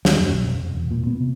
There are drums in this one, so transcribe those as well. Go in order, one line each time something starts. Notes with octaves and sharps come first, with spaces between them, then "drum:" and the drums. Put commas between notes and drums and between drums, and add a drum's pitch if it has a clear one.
D#2, drum: snare
F#2
B1
F1
F1
E1
A#2
B3
C3